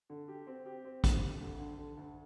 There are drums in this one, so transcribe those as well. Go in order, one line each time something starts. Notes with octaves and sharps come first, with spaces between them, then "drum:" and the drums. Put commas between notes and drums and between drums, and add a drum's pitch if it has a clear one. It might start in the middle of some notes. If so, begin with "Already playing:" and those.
D3
G4
C4
G4
C4
D2, drum: kick A1, hi-hat
G4
D2
D3
D3
D2